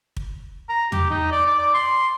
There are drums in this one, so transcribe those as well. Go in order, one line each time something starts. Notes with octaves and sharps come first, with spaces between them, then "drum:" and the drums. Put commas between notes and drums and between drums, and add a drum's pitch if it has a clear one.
drum: kick
A#5
G4, drum: tom
D#4
D5
D6
D5
C6